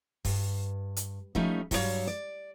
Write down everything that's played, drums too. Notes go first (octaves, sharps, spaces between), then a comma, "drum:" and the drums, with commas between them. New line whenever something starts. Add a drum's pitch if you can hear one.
G2, drum: kick, open hi-hat
drum: hi-hat
F3 G3 A3 C#4 D#4, drum: kick
G2 F#3 G3 D4 C#5 F5, drum: kick, open hi-hat
D5